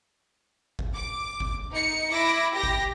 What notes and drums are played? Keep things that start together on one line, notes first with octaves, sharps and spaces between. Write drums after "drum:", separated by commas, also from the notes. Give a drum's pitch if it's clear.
drum: kick G1
D6
drum: kick G1
D#4 C#7
E4 D6 A#6 D7
G4 G5 A#6
drum: kick G1